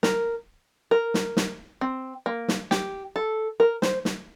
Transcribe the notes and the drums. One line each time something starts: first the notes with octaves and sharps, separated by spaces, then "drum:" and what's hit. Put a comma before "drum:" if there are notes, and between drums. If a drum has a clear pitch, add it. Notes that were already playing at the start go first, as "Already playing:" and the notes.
A#4, drum: snare
A#4
drum: snare
drum: snare
C4
A#3
drum: snare
G4, drum: snare
A4
A#4
C5, drum: snare
drum: snare